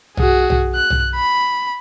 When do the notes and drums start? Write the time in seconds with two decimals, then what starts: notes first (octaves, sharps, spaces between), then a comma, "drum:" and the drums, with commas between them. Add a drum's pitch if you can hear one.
0.17 F#4 G#4, drum: tom
0.50 drum: tom
0.75 F#6
0.90 drum: tom
1.16 B5